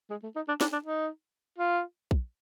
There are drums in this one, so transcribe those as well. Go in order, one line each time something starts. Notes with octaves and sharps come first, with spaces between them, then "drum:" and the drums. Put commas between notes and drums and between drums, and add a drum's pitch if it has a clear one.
G#3
A3
D#4
D4
D4, drum: snare
D4
D#4
F4
drum: kick A#1